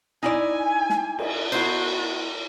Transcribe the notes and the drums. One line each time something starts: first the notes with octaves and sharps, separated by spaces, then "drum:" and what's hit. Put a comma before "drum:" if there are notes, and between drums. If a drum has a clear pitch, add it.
D#4 E4 D5 G#5
drum: snare
drum: cymbal
B3 E4 F#4 C5, drum: cymbal